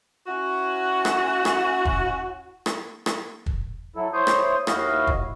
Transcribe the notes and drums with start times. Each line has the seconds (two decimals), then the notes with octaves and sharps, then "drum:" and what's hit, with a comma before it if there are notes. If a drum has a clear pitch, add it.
0.27 C#4 E4 F#4
1.05 drum: rim click
1.45 drum: rim click
1.85 drum: kick
2.66 drum: rim click
3.06 drum: rim click
3.46 drum: kick
3.96 F#3 E4 A4
4.13 E4 C5 C#5 C6 D#6 G6
4.27 drum: rim click
4.67 D#2 E4 F#4 D#5 F5, drum: rim click
5.07 drum: kick